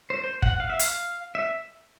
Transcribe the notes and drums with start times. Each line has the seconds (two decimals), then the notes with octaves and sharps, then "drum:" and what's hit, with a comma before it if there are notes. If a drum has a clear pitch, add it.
0.10 C5
0.24 C5
0.42 F#5, drum: kick
0.60 F5
0.70 E5
0.79 F5, drum: hi-hat
1.35 E5